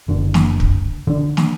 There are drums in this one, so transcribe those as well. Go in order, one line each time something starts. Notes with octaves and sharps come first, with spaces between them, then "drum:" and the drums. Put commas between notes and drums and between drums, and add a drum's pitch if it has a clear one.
F#1 D3
drum: snare
drum: kick
D3 D4
drum: snare